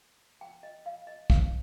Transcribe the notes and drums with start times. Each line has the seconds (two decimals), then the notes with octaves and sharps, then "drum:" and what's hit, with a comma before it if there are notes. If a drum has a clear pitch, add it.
0.41 G5
0.63 D#5
0.86 F5
1.07 D#5
1.30 D#4 C5 F5, drum: kick